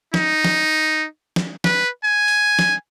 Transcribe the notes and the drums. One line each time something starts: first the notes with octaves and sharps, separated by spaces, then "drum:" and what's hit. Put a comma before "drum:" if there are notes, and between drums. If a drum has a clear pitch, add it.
D#4, drum: snare
drum: snare
drum: snare
B4, drum: snare
G#5
drum: open hi-hat
drum: snare